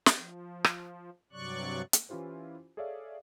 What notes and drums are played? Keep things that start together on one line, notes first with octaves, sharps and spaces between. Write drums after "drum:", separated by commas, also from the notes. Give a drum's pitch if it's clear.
drum: snare
F3
drum: rim click
G2 C3 F#3 D5 C#6 F#6
drum: hi-hat
E3 C#4 E4 F4 G4 C5
G#4 A4 C#5 D5 E5 F5